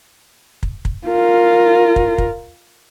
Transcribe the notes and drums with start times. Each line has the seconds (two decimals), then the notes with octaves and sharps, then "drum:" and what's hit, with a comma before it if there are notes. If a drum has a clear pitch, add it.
0.63 drum: kick
0.85 drum: kick
1.07 F4 A#4
1.96 drum: kick
2.18 drum: kick